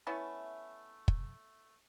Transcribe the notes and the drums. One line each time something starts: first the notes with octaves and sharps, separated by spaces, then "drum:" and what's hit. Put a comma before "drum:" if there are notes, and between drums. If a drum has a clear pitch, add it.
A3 B3 C#4 E4
drum: kick